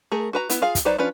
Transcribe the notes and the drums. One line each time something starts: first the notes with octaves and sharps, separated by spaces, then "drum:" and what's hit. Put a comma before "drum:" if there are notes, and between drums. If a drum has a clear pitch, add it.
A3 G#4 A#4
F#4 B4 A#5
B3 E4, drum: hi-hat
F4 G#4 F5
drum: kick, hi-hat
F#3 D#4 B4 C5 D5
F3 C#4 D4 F4 B4